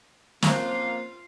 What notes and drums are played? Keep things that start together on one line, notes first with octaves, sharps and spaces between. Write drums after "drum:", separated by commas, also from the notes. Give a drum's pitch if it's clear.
F3 A#3 C4 C#4 F4 C5 F5, drum: snare